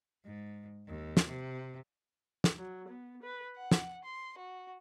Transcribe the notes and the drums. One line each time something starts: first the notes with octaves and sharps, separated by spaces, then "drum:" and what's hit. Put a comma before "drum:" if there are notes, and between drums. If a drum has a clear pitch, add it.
G#2
D#2
drum: snare
C3
drum: snare
F#3
B3
B4
F#5
drum: snare
C6
F#4